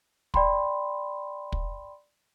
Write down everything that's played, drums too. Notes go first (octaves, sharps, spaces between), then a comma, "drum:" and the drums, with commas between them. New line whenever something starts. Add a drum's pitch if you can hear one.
D5 G5 B5 C6, drum: kick
drum: kick